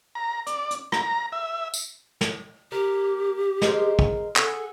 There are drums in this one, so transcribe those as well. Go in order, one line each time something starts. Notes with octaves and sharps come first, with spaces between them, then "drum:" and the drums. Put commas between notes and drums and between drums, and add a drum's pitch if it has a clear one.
A#5
D5, drum: hi-hat
drum: hi-hat
A#5, drum: rim click
E5
drum: tambourine
drum: snare
A#3 G4
G#3 A#4 C5, drum: snare
drum: kick
G#4 A4 F#5, drum: clap